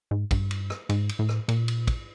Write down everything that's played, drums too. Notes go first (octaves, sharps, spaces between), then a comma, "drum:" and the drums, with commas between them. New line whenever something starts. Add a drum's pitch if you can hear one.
G#2
G2, drum: kick, cymbal
drum: cymbal
drum: rim click
G#2, drum: cymbal
drum: cymbal
A2
drum: rim click
A#2, drum: cymbal
drum: cymbal
drum: kick, cymbal